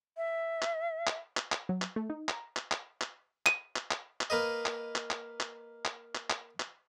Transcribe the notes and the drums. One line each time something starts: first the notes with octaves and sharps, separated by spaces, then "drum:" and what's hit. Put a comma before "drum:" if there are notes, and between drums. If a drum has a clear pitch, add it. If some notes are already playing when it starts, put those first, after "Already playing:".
E5
drum: clap
drum: clap
drum: clap
drum: clap
F#3
drum: clap
A3
D#4
A#5, drum: clap
drum: clap
drum: clap
drum: clap
D#7, drum: clap
drum: clap
drum: clap
drum: clap
A#3 B4 D#5
drum: clap
drum: clap
drum: clap
drum: clap
drum: clap
drum: clap
drum: clap
drum: clap